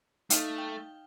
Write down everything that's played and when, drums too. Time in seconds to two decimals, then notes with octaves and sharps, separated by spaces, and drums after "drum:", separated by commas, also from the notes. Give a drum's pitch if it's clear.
0.30 A3 D#4 F5 F6, drum: hi-hat
0.58 G5